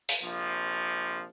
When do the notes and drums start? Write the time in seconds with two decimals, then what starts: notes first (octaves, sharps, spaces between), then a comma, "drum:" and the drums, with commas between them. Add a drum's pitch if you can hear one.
0.09 drum: open hi-hat
0.23 A#1 C3 F3